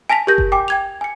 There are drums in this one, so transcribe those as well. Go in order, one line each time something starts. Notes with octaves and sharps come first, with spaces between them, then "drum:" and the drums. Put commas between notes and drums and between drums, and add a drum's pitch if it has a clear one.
G#5 A5 A#6 B6 F7
G4 A#4 G6 A#6
drum: kick F#1
G5 G#5 D6
G5 G#6 F7
G#5 C#7